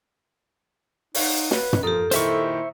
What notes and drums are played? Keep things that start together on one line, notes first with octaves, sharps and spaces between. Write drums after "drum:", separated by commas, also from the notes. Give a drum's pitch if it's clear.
D#4 C#5 F5 F#5, drum: open hi-hat
B4, drum: snare
drum: tom
F3 F4 G4 A4 A#4 D#6
A#2 D#3 E4 C5 E5 C#6, drum: hi-hat